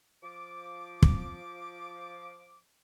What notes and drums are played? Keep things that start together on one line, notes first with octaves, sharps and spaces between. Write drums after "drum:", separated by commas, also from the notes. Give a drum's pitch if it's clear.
F3 D6
drum: kick